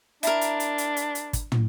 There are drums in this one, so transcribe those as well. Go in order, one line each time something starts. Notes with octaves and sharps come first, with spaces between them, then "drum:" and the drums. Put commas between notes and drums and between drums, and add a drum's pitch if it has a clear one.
D4 E4 A#4, drum: hi-hat
drum: hi-hat
drum: hi-hat
drum: hi-hat
drum: hi-hat
drum: hi-hat
drum: kick, hi-hat
drum: tom